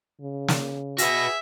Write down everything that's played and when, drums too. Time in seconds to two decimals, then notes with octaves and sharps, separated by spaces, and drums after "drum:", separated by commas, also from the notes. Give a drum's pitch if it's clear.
0.21 C#3
0.48 drum: snare
0.98 F#4 G#4 B4 E5 A#6, drum: hi-hat